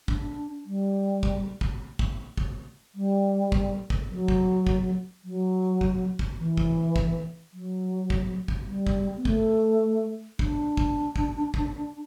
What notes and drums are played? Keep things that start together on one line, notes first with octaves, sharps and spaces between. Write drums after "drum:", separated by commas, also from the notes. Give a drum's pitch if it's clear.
D4, drum: kick
G3
drum: kick
drum: kick
drum: kick
drum: kick
G3
drum: kick
drum: kick
F#3
drum: kick
drum: kick
F#3
drum: kick
drum: kick
E3
drum: kick
drum: kick
F#3
drum: kick
drum: kick
G3
drum: kick
B3
A3, drum: kick
D4, drum: kick
drum: kick
drum: kick
drum: kick